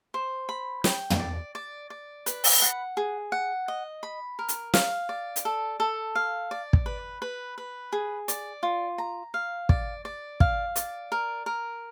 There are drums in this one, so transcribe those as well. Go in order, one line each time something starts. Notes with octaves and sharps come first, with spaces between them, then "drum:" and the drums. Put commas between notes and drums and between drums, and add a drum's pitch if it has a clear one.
C5
B5
G5, drum: snare
drum: tom
D5
D5
D5
B4, drum: hi-hat
drum: open hi-hat
F#5
G#4
F#5
D#5
B5
A#4
drum: hi-hat
F5, drum: snare
D5
drum: hi-hat
A4
A4
F5
D5
drum: kick
B4
B4
B4
G#4
D5, drum: hi-hat
F4
A#5
F5
D5, drum: kick
D5
F5, drum: kick
D5, drum: hi-hat
A#4
A#4